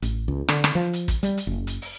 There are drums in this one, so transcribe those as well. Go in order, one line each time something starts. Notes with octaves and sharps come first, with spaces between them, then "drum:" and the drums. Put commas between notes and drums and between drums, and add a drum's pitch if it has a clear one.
A1, drum: hi-hat
C#2
D3, drum: rim click
drum: rim click
F3
drum: hi-hat
drum: kick, hi-hat
G3, drum: hi-hat
drum: hi-hat
F#1
drum: hi-hat
drum: open hi-hat